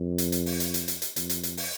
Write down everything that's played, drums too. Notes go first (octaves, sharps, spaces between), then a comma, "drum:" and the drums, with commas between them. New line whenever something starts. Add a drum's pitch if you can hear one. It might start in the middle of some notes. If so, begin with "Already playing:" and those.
Already playing: F2
drum: hi-hat
drum: hi-hat
drum: open hi-hat
drum: hi-hat
drum: hi-hat
drum: hi-hat
drum: hi-hat
F2, drum: hi-hat
drum: hi-hat
drum: hi-hat
drum: open hi-hat